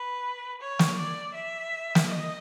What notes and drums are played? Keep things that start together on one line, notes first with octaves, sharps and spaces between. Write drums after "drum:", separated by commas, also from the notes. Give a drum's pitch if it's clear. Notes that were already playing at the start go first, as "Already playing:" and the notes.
Already playing: B4
C#5
drum: snare
D5
E5
drum: snare
D#5